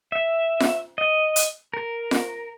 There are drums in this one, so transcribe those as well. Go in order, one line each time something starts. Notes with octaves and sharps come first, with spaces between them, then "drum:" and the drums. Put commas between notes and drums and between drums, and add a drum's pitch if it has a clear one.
E5
drum: snare F4
D#5
drum: hi-hat
A#4
drum: snare F4